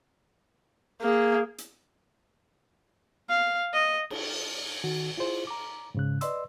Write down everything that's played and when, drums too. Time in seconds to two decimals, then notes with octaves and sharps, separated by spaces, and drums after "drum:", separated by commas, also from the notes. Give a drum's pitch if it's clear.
1.01 A#3 G#4
1.58 drum: hi-hat
3.29 F5
3.73 D#5
4.10 drum: cymbal
4.84 D#3 F#4
5.17 E4 F4 G#4 C5
5.47 A#5 D6
5.95 G#2 C#3 F#6
6.21 B4 D5 D#5 C6 E6, drum: hi-hat